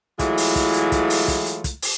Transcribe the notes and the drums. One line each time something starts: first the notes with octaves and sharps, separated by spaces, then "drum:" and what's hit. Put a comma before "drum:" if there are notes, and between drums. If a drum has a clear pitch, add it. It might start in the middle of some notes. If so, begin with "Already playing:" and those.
E3 F#3 G#3 A3 E4 F4, drum: kick, hi-hat
drum: open hi-hat
drum: kick, hi-hat
drum: hi-hat
drum: kick, hi-hat
drum: open hi-hat
drum: kick, hi-hat
drum: hi-hat
drum: kick, hi-hat
drum: open hi-hat